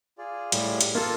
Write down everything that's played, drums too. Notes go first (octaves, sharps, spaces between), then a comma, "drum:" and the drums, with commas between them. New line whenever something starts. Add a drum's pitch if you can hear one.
F4 G#4 D5
A2 G3, drum: hi-hat
drum: hi-hat
A#3 F4 A4